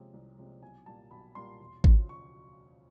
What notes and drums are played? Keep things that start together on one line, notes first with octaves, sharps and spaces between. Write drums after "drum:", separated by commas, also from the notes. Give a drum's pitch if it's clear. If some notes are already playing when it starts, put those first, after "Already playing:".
Already playing: C3 F3 G#3 C#4
C2
C3 F3 G#3 C#4
B1 G#5
A#2 G3 A#3 A5
B1 B5
A#2 G3 A#3 C6
E1
D2 C#3 F3, drum: kick G#1
C#6